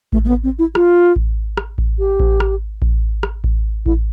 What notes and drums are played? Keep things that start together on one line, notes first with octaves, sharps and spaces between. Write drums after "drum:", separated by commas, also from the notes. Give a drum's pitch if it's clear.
A3, drum: kick A1
A3
B3
C4
E4
F4, drum: rim click
drum: kick A1
drum: rim click
drum: kick A1
G4
drum: kick A1
drum: rim click
drum: kick A1
drum: rim click
drum: kick A1
E4, drum: kick A1